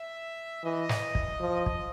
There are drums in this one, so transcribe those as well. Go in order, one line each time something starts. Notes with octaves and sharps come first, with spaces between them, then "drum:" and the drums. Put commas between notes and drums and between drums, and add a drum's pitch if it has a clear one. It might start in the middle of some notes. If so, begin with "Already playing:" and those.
Already playing: E5
E3 D#5
drum: snare
drum: kick
F3
drum: kick